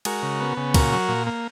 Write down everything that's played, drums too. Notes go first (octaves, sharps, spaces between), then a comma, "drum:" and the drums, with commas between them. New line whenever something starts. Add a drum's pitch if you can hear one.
G#3 F#4 A#4, drum: cymbal
C#3
B3
C#3
A#2 F#4 A#4, drum: kick, cymbal
F#3
A#2
A#3